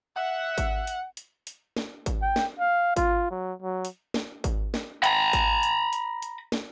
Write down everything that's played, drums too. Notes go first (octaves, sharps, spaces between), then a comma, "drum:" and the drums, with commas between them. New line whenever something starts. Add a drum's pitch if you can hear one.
E5 F#5
drum: kick G#1, hi-hat
drum: hi-hat
drum: hi-hat
drum: hi-hat
drum: snare
drum: kick G#1, hi-hat
G5
drum: snare
F5
F4, drum: kick G#1, hi-hat
F#3
F#3
drum: hi-hat
drum: snare
drum: kick G#1, hi-hat
drum: snare
A#5 B5, drum: hi-hat
drum: kick G#1, hi-hat
drum: hi-hat
drum: hi-hat
drum: hi-hat
drum: snare